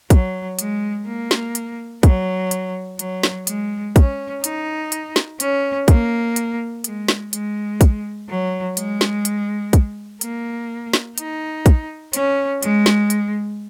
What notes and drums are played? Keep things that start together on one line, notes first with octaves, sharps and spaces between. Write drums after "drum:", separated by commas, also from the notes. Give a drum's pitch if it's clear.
F#3, drum: kick, hi-hat
G#3, drum: hi-hat
A#3
drum: snare
drum: hi-hat
F#3, drum: kick, hi-hat
drum: hi-hat
F#3, drum: hi-hat
drum: snare
G#3, drum: hi-hat
C#4, drum: kick, hi-hat
D#4, drum: hi-hat
drum: hi-hat
drum: snare
C#4, drum: hi-hat
A#3, drum: kick, hi-hat
drum: hi-hat
G#3, drum: hi-hat
drum: snare
G#3, drum: hi-hat
drum: kick, hi-hat
F#3
G#3, drum: hi-hat
drum: snare
drum: hi-hat
drum: kick, hi-hat
A#3, drum: hi-hat
drum: snare
D#4, drum: hi-hat
drum: kick, hi-hat
C#4, drum: hi-hat
G#3, drum: hi-hat
drum: snare
drum: hi-hat